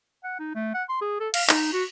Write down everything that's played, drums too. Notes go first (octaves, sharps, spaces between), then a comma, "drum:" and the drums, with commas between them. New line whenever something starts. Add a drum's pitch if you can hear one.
F#5
D#4
A3
F#5
C6
G#4
A4
F5, drum: cymbal
D#4, drum: clap
F#4